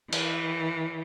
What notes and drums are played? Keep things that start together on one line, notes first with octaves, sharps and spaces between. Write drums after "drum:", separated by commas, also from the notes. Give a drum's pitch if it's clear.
E3, drum: cymbal